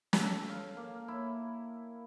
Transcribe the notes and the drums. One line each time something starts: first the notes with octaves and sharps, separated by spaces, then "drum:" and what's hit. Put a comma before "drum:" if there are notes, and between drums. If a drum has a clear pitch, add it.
A4, drum: snare
F5
A#3
E4